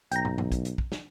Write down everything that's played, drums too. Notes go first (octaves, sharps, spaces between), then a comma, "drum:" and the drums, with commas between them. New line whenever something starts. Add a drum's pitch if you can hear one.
B1 G5 A#5, drum: hi-hat
drum: tom
drum: tom
drum: kick, hi-hat
drum: hi-hat
drum: kick
drum: snare